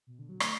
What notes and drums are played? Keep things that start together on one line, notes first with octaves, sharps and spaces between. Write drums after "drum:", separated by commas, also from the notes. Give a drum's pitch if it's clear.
B2
D3
F#3
A3, drum: rim click